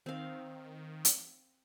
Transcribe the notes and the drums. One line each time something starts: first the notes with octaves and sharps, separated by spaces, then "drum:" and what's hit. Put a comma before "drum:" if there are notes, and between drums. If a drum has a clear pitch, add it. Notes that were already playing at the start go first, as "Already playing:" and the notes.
D#3 C4 F5
drum: hi-hat